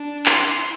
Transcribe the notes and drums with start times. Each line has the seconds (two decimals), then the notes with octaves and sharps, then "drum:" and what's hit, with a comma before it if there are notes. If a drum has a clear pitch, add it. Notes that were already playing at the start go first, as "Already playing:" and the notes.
Already playing: D4
0.26 E4 C6, drum: clap
0.47 drum: tambourine